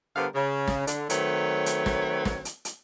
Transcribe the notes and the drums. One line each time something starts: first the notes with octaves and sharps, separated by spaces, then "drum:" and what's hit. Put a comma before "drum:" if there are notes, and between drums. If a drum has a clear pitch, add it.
D3 G3 B3 A#4 C5 F5
C#3
drum: snare
D3, drum: hi-hat
D#3 F#3 A3 C4 B4 C#5, drum: hi-hat
drum: hi-hat
drum: snare
drum: snare
drum: hi-hat
drum: hi-hat